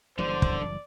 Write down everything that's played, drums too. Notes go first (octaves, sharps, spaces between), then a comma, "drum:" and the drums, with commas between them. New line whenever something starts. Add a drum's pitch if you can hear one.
F#1 D3 E3 G3 C5 D5
drum: kick